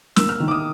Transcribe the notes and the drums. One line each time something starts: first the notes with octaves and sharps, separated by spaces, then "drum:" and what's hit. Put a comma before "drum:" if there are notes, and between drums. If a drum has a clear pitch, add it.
A#3 E6, drum: snare
F6
D#3
D6
D#6